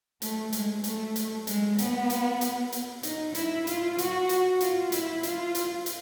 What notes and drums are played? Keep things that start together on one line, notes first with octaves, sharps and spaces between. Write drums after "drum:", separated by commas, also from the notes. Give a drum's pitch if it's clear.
A3, drum: hi-hat
G#3, drum: hi-hat
A3, drum: hi-hat
drum: hi-hat
G#3, drum: hi-hat
B3, drum: hi-hat
drum: hi-hat
drum: hi-hat
drum: hi-hat
D#4, drum: hi-hat
E4, drum: hi-hat
F4, drum: hi-hat
F#4, drum: hi-hat
drum: hi-hat
F4, drum: hi-hat
E4, drum: hi-hat
F4, drum: hi-hat
drum: hi-hat
drum: hi-hat